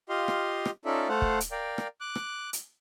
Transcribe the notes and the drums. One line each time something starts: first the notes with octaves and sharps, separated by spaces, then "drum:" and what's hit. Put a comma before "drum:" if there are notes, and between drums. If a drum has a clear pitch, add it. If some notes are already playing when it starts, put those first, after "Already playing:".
F4 G4 D#5 F5 C6
drum: rim click
drum: rim click
C#4 D#4 F4 A4 D5 E5
A3 A4 C5 F5 F#5
drum: kick
drum: hi-hat
A#4 D5 F5 G5
drum: rim click
D6 F#6
drum: rim click
drum: hi-hat